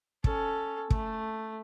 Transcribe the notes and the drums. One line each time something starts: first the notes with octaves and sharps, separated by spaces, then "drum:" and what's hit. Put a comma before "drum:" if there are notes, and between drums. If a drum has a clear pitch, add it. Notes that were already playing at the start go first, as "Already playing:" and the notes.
C#4 A4, drum: kick
A3, drum: kick